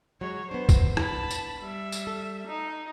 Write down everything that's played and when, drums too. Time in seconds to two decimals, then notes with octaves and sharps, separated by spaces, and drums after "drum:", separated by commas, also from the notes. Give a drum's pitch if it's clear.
0.21 F#3 G#3 C#5
0.51 B3 D4 C5
0.69 drum: kick, tambourine
0.97 A5 B5, drum: rim click
1.31 drum: tambourine
1.61 G3 E5
1.92 drum: tambourine
2.07 A4
2.47 D#4